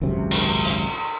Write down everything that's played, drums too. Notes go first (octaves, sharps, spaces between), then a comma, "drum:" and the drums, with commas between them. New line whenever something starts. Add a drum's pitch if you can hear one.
G#1 C#2 F#2 C3
drum: cymbal
drum: hi-hat